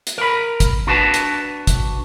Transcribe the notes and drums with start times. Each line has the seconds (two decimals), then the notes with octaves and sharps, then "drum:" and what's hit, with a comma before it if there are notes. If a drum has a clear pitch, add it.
0.07 drum: hi-hat
0.18 A#4 B5
0.60 drum: kick, hi-hat
0.87 D4 F#4 B4 A5
1.14 drum: hi-hat
1.67 drum: kick, hi-hat